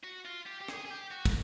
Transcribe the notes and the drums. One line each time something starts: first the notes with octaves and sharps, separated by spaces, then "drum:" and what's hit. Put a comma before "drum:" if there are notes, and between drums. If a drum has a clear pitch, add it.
F#4
F4
G4
G4
G#4, drum: rim click
G#4
G4
F#4
drum: kick, cymbal